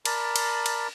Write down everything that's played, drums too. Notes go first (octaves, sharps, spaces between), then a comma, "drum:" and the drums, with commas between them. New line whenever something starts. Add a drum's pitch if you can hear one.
A#4 D5 A5 B5, drum: cymbal
drum: cymbal
drum: cymbal